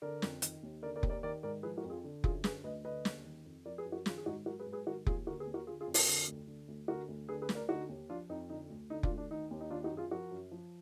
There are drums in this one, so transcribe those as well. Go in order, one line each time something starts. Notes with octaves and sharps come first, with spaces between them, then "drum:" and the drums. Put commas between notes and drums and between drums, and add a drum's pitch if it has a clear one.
D3 A#4 D5
F2, drum: snare
D#3, drum: hi-hat
D#2
D3 A#4 D5
A#4 D5
D#2, drum: kick F1
A#4 D5
D#3 A#4 D5
G#2 A#4 D5
F3 G#4 B4
F#4 A#4
F2
F4 G#4
D3
F#2 F4 G#4, drum: kick F1
D3 G#4 B4, drum: snare
D2 B4 D#5
D3 B4 D#5
D#2, drum: snare
D#3
F2
F3 A#4 D5
G#4 B4
F#2
F#4 A#4
D#3 F4 G#4, drum: snare
G#4
G#2 D#4 F#4
F#3 F#4 A#4
G#4 B4
G#2
G#4 B4
D#3 F#4 A#4
D#2 F4 G#4, drum: kick F1
D3 F#4 A#4
G#4 B4
D#2
F#4 A#4
D3 F4 G#4
F4 G#4
F2
F#4 A#4, drum: open hi-hat
D3
D2
D3
D2
D3 F#4 A#4
D2
D3 G#4 B4
G#4 B4
D2, drum: snare
A#4 D5
D3 D#4 F#4
D#2
F3 D4 F4
F2 D#4
D3 D#4
D2
D3 D#4
D4 F4, drum: kick F1
D2
D4
D#3 D#4
D#2
D#4
D#3 D4 F4
D#4 F#4
F#2
F4 G#4
F3 F#4 A#4
F#2
F3